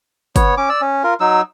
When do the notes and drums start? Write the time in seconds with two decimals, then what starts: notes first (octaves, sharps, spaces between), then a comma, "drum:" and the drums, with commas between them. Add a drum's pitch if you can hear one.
0.36 B3 C#5, drum: kick, hi-hat
0.57 C#4 D6
0.69 D5 E6
0.81 C#4
1.04 F4 A#4
1.20 F#3 D#4 E6